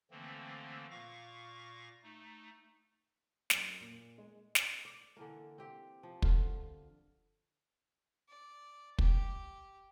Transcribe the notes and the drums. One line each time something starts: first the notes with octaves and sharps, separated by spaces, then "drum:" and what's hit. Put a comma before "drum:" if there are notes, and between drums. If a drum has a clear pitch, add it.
D3 E3 F3 A3 A#3 C4
A#2 F5 C#6 A#6
A3 D#4
F#2, drum: snare
A#2
G#3
drum: snare
D5
D3 E3 A#3
C4 G4
F3
D3 F4, drum: kick
D5
G4, drum: kick